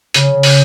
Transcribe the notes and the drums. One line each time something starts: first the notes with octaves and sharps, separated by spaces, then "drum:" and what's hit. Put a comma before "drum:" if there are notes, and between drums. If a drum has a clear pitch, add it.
C#3, drum: hi-hat
drum: open hi-hat